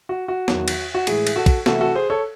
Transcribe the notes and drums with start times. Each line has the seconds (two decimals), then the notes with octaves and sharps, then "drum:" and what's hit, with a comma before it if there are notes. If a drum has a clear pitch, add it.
0.09 F#4
0.28 F#4
0.48 E2 D#3 F#3, drum: snare
0.68 drum: cymbal
0.94 F#4
1.07 A2 E3 G#3 E4 G#4, drum: cymbal
1.27 drum: cymbal
1.36 F#4 A4
1.46 drum: kick, cymbal
1.66 C3 E3 A3 F#4 A4, drum: snare
1.81 F#4 A4
1.95 G#4 C5
2.10 A4 C#5